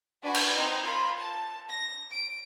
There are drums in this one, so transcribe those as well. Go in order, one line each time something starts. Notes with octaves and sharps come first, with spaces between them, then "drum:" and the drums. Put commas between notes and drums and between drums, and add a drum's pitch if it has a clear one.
D4 F#4 B4 G#5
drum: cymbal
C4 D#4 A#5
F4 A#4 B5
A5
A#6
D7